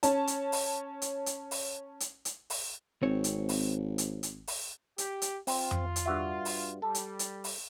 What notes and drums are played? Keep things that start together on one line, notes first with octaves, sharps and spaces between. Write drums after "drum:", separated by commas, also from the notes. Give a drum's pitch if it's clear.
C#4 A5, drum: hi-hat
drum: hi-hat
drum: open hi-hat
drum: hi-hat
drum: hi-hat
drum: open hi-hat
drum: hi-hat
drum: hi-hat
drum: open hi-hat
G#1 C4 C#5
drum: hi-hat
drum: open hi-hat
drum: hi-hat
drum: hi-hat
drum: open hi-hat
G4, drum: hi-hat
drum: hi-hat
C4 F4, drum: open hi-hat
drum: tom F2
drum: hi-hat
G2 F#4 E5
drum: open hi-hat
G3 A4
drum: hi-hat
drum: hi-hat
drum: open hi-hat